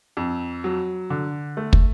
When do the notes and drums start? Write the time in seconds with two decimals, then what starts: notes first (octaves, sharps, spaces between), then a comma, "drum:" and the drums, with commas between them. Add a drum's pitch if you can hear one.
0.17 F2
0.64 F#3
1.10 D3
1.57 A3
1.73 drum: kick